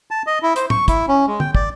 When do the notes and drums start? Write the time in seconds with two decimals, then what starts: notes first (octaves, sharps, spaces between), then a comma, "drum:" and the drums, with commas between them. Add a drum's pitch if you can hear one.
0.11 A5
0.27 D#5
0.43 E4
0.56 C5, drum: hi-hat
0.70 C#6, drum: tom A2
0.88 E4, drum: kick, hi-hat
1.08 C#4
1.27 G#3
1.40 G5, drum: tom
1.55 D5, drum: kick